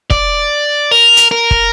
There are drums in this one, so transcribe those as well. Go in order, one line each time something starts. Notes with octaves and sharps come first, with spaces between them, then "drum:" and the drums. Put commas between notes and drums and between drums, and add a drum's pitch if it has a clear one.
D5, drum: kick
A#4
drum: hi-hat
A#4
drum: kick